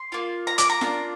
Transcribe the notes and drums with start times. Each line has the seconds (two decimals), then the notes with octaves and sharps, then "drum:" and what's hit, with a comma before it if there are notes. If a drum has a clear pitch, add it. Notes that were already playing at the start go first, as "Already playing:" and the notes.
Already playing: C6
0.12 A#3 F4
0.47 A#5
0.58 D6, drum: hi-hat
0.70 A#5
0.81 A#3 D4 F4, drum: snare F4